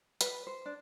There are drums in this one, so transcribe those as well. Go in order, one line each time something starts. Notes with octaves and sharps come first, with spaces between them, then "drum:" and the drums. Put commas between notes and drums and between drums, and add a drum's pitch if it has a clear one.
B4, drum: hi-hat
C5
D4